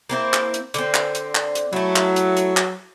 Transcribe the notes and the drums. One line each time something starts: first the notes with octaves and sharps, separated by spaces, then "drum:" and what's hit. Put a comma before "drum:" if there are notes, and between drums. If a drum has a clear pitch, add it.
A#3 C4 E4
drum: clap
drum: hi-hat
D3 C4, drum: hi-hat
drum: clap
drum: hi-hat
drum: clap
drum: hi-hat
F#3 A3 E4
drum: clap
drum: hi-hat
drum: hi-hat
drum: clap